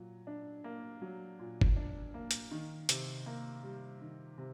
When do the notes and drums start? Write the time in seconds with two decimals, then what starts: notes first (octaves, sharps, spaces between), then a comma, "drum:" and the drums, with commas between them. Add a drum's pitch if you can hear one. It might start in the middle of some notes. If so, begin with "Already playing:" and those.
Already playing: A#2 F#3
0.27 D4
0.64 A#3
1.02 F#3
1.39 A#2
1.61 drum: kick
1.76 D4
2.14 A#3
2.31 drum: hi-hat
2.51 D#3
2.89 C3, drum: hi-hat
3.26 A#3
3.63 G3
4.01 D#3
4.38 C3